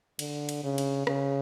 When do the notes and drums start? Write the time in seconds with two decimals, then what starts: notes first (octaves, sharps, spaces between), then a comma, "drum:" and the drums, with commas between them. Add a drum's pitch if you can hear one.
0.19 D3, drum: cymbal
0.49 drum: cymbal
0.63 C#3
0.78 drum: cymbal
1.07 C#3, drum: rim click